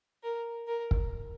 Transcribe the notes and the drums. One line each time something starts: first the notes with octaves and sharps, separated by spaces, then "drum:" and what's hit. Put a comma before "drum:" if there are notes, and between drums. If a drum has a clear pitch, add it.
A#4
A#4
drum: kick